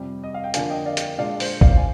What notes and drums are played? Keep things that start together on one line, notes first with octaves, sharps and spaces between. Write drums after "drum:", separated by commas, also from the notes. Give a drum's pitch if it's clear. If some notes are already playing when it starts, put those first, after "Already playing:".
Already playing: F2 C3 G3
D#5
F5
G5
D3 F3 A#3 D4 F5 G#5, drum: hi-hat
D#5 G5
D5 F5
drum: hi-hat
A#2 G#3 D4 D5 F5
C5, drum: open hi-hat
D5 F5, drum: kick
G#5